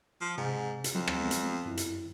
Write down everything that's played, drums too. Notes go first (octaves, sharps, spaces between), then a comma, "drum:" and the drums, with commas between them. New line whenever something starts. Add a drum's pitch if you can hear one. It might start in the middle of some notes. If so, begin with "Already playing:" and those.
F3
G#2 C3
drum: hi-hat
F2 F#3
drum: rim click
G#3 B3
drum: hi-hat
F#2 E4
drum: hi-hat